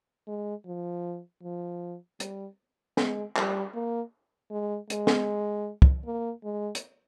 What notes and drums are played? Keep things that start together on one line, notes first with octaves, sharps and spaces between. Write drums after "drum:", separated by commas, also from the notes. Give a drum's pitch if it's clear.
G#3
F3
F3
G3, drum: hi-hat
G#3, drum: snare
G3, drum: clap
A#3
G#3
G#3, drum: hi-hat
drum: snare
drum: kick
A#3
G#3
drum: hi-hat